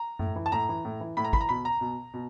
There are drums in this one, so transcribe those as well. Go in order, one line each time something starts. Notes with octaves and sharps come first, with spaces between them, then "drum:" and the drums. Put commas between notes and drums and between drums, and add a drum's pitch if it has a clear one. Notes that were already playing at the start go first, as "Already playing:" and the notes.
Already playing: A#5
A2, drum: tom F#2
E3
A5
A2 A#5
E3
A2
E3
A2 B5
A#5
E3 B5, drum: kick
A#5
B2 B5
A#5
B2
B2